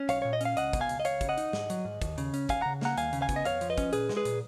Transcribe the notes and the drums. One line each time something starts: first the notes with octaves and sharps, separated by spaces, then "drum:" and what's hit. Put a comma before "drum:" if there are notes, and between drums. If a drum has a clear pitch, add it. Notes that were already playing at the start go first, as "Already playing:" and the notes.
Already playing: C#4
B1 C#5 F5, drum: hi-hat
A#2 C#5
D#5
C#4 F5, drum: hi-hat
C#2 D#5 F#5, drum: hi-hat
B2, drum: kick, hi-hat
F5 G#5
C#2, drum: hi-hat
D#5
C#2 C#5 F5, drum: hi-hat
C#3, drum: kick, hi-hat
D#5 F#5
D#4, drum: hi-hat
G#2, drum: snare
F#3, drum: hi-hat
G#2
D#2, drum: kick, hi-hat
C#3, drum: hi-hat
C#4, drum: hi-hat
D#2 F5 G#5, drum: kick, hi-hat
C#3 F#5 A#5
A#3 F#5 A#5, drum: snare
D#2 F5 G#5, drum: hi-hat
C#3, drum: hi-hat
F5 G#5
B3, drum: kick, hi-hat
D#5
F2 C#5 F5, drum: hi-hat
F3, drum: hi-hat
B4 D#5
C#4, drum: kick, hi-hat
A#2 G#4 B4, drum: hi-hat
G#3, drum: snare
G#4 B4
A#2, drum: hi-hat